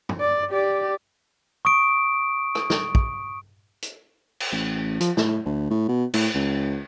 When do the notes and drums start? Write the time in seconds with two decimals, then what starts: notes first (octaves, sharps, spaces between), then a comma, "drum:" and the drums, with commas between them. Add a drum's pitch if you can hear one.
0.09 drum: tom
0.20 D5
0.51 G4 D5
1.65 C#6 D#6 D7
2.55 drum: rim click
2.70 drum: snare
2.95 drum: kick
3.82 drum: hi-hat
4.40 drum: cymbal
4.52 A1
5.00 F3, drum: hi-hat
5.17 A2, drum: snare
5.46 D2
5.71 A2
5.89 B2
6.14 A2, drum: cymbal
6.35 C#2